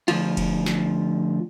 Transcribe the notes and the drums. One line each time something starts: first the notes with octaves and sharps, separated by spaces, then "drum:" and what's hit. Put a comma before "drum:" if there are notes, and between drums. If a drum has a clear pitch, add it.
D2 F3 F4, drum: cymbal
drum: kick F1, cymbal
drum: snare